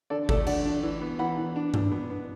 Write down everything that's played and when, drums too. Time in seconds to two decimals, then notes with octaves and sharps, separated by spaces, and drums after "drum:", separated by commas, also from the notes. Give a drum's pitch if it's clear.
0.10 D3 A4 D5
0.29 A3 A4 D5, drum: kick G1
0.47 D3 D5 F#5, drum: cymbal
0.65 D4
0.83 E3
1.02 B3
1.19 E3 F#5 B5
1.37 E3
1.56 D4
1.74 D4, drum: tom G2
1.92 B3
2.10 B3